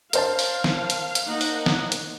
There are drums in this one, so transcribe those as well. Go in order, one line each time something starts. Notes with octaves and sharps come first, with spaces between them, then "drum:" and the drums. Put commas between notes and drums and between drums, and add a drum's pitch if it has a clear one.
A#4 C5 F5 A5, drum: hi-hat
drum: open hi-hat
drum: snare
drum: hi-hat
drum: hi-hat
A#3 D#4 F#5
drum: open hi-hat
drum: snare
drum: hi-hat